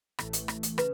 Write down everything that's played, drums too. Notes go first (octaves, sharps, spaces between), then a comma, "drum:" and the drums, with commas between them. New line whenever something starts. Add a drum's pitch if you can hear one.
A1 A2 E3 A3, drum: rim click
drum: hi-hat
drum: rim click
drum: hi-hat
C#3 B4, drum: rim click